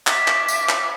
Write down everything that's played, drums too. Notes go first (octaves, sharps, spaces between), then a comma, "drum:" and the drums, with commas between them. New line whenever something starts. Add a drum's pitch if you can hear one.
E5 D6, drum: clap
drum: clap
drum: tambourine
drum: clap